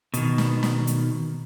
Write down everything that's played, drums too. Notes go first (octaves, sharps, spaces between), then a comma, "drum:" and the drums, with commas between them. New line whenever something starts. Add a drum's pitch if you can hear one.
B2 D#3, drum: hi-hat
drum: snare
drum: snare
drum: hi-hat